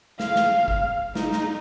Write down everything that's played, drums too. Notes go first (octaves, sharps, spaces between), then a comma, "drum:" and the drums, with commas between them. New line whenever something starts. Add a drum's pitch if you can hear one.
F5, drum: snare
drum: snare
drum: kick
D#4, drum: snare
drum: snare